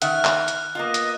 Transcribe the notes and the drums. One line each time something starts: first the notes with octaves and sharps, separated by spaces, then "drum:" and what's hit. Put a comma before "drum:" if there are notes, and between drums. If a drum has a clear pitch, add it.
D#3 E5 F#5 F6 F#6, drum: hi-hat
drum: clap
drum: hi-hat
A#3 B3 F4 D#5
drum: hi-hat